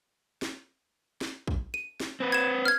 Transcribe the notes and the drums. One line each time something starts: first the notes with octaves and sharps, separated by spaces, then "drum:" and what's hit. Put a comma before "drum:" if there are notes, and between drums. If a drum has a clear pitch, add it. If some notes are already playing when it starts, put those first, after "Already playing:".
drum: snare
drum: snare
drum: kick A#1
D#7
drum: snare
C4 B4
G#6 E7
F6 G#6